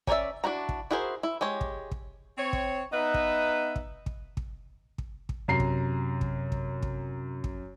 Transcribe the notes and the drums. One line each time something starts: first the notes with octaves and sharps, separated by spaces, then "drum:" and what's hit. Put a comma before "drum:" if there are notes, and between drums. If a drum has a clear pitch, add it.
C#4 A#4 C#5 D5 E5, drum: kick
D4 E4 F#4 A#5
drum: kick
E4 F#4 G#4 A#4 C5
E4
G#3 G4 C#5
drum: kick
drum: kick
C4 C#5
drum: kick
B3 D#4 B4 D#5 E5
drum: kick
drum: kick
drum: kick
drum: kick
drum: kick
drum: kick
F#2 C3 A#5 C7
drum: kick
drum: kick
drum: kick
drum: kick
drum: kick